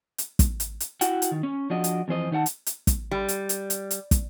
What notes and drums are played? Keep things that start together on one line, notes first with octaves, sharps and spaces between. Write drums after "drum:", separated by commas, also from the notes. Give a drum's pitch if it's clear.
drum: hi-hat
drum: kick, hi-hat
drum: hi-hat
drum: hi-hat
E4 F#4 F#5 G5, drum: hi-hat
drum: hi-hat
D#3
C#4
F3 D4 F#4 D#5
drum: hi-hat
F2 E3 C5 D#5
D#3 D#4 C5 F#5 A5
drum: hi-hat
drum: hi-hat
drum: kick, hi-hat
G3
drum: hi-hat
drum: hi-hat
drum: hi-hat
drum: hi-hat
drum: kick, hi-hat